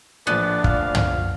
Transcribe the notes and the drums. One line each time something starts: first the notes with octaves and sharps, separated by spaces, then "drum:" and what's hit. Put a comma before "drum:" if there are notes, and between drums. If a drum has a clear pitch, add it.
A#1 A2 F3 B3 D4
F5, drum: kick
drum: tom